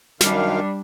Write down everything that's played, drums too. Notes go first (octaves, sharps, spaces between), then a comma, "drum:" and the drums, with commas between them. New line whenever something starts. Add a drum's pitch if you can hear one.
F#2 D#3 G3 D4 F5, drum: snare